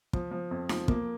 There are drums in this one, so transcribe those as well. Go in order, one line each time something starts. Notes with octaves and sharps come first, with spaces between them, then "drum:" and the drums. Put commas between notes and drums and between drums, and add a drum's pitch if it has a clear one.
F3, drum: kick
F3
F2
F3, drum: snare D#4
A#3, drum: kick